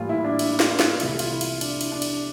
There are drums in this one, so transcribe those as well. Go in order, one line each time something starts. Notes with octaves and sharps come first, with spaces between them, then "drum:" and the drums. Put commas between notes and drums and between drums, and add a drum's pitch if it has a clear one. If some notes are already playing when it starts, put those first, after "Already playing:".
Already playing: A2 E3 G3 A#3 F4
E4
D4
E4, drum: cymbal
E4
F4, drum: snare
F4, drum: snare
C2 C3 E3 A3 E4, drum: cymbal
F4, drum: cymbal
E4
drum: cymbal
D4, drum: cymbal
E4, drum: cymbal
D4
drum: cymbal